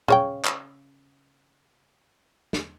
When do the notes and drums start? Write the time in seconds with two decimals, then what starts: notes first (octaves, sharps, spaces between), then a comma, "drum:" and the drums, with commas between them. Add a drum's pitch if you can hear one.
0.08 C#3 C#5 G5, drum: tom A#2
0.45 drum: clap
2.53 drum: snare